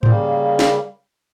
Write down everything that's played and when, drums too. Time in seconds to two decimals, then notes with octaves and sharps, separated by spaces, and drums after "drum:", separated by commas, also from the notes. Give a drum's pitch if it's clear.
0.03 C#3 G3 A#3 C5, drum: tom G#2
0.59 drum: snare